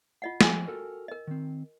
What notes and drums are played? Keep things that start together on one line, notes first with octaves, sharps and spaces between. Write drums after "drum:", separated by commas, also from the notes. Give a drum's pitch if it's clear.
F4 D#5 F#5
F3 G5 G#5, drum: snare
F#4 A4 A#4
A#4 D#5
D#3 C4